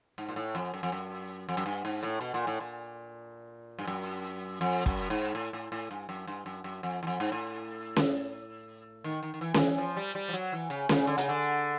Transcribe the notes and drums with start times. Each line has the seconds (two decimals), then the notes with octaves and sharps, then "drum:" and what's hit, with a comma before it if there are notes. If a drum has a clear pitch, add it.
0.18 G#2
0.29 A#2
0.36 A2
0.55 F2
0.74 F#2
0.83 F2
0.92 F#2
1.49 F2
1.57 F#2
1.66 G2
1.85 G#2
2.03 A2
2.21 B2
2.34 A#2
2.47 A2
2.60 A#2
3.79 G2
3.87 F#2
4.61 F2
4.86 F#2, drum: kick
5.10 G#2
5.35 A2
5.53 A2
5.72 A2
5.91 G2
6.09 F#2
6.27 G2
6.46 F#2
6.64 F#2
6.83 F2
7.03 E2
7.07 F2
7.20 G#2
7.32 A2
7.96 drum: snare C#4
9.04 D#3
9.23 D#3
9.34 D#3
9.41 E3
9.54 D#3, drum: snare C#4
9.59 E3
9.78 F3
9.97 G3
10.15 G3
10.28 F3
10.33 F#3
10.52 E3
10.70 C#3
10.89 C#3, drum: snare C#4
11.07 D3
11.18 C#3, drum: hi-hat
11.29 D3